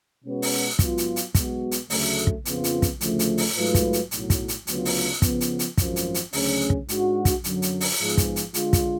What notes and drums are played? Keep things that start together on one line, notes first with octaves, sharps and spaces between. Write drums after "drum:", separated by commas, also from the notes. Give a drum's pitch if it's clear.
B2 G#3 C#4 F#4 B4
drum: open hi-hat
G#2 F#3 B3 F4, drum: kick, hi-hat
drum: hi-hat
drum: hi-hat
B1 B2 G#3 B3 F#4, drum: kick, hi-hat
drum: hi-hat
D2 C#3 F#3 A3, drum: open hi-hat
drum: kick
F2 C#3 F3 B3 F4, drum: hi-hat
drum: hi-hat
drum: kick, hi-hat
D2 C#3 F3 A3, drum: hi-hat
drum: hi-hat
drum: open hi-hat
G#2 F#3 A3 F4 B4
drum: kick, hi-hat
drum: hi-hat
B1 A2 F#3, drum: hi-hat
drum: kick, hi-hat
drum: hi-hat
D2 C#3 F#3 B3 F4, drum: hi-hat
drum: open hi-hat
C#3 F3 B3, drum: kick, hi-hat
drum: hi-hat
drum: hi-hat
G#1 F#2 F3, drum: kick, hi-hat
drum: hi-hat
drum: hi-hat
D2 C#3 F#3 C#4 G#4, drum: open hi-hat
drum: kick
G#2 G#3 D4 F#4, drum: hi-hat
drum: kick, hi-hat
F#2 D3 F#3, drum: hi-hat
drum: hi-hat
drum: open hi-hat
G#2 F3 B3 F4 G#4
drum: kick, hi-hat
drum: hi-hat
D3 G#3 D4 F4, drum: hi-hat
drum: kick, hi-hat